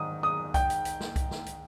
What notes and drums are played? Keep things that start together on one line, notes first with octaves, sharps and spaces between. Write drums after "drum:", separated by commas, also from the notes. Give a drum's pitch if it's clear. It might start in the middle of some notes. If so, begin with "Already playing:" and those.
Already playing: G#2 D#3 D#6
D#6
G5, drum: kick C2, hi-hat
drum: hi-hat
drum: hi-hat
drum: snare
drum: kick C2, hi-hat
drum: snare
drum: hi-hat